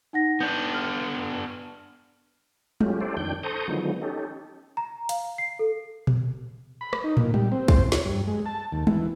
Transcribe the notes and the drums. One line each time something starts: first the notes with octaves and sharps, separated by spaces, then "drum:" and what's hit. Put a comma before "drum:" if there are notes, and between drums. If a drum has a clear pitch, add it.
D#4 F#5 A#6
B3 D4 G6
F6
F#3 G#3 A3 C#4 F4 G4, drum: tom
C#4 E4 G4 A4 C5 D5
F2 D#3 D4 G5 G6
A4 C5 A#5 C#6 D#6 G6
D3 D#3 F3 F#3 G#3 B3
C#4 D#4 G4 A4
A#5
F5, drum: hi-hat
C7
A4
drum: tom A#2
B5
drum: rim click
D#4
A#2, drum: tom
G3, drum: tom
C4
C5, drum: kick
C#5, drum: snare
G2
G#3
A5
D#2
E3, drum: tom